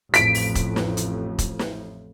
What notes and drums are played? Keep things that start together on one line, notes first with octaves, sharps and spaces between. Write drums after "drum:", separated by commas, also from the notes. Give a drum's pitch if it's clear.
A1 F2 A2 B6 D7, drum: hi-hat
drum: open hi-hat
drum: kick E1, hi-hat
drum: snare
drum: hi-hat
drum: kick E1, hi-hat
drum: snare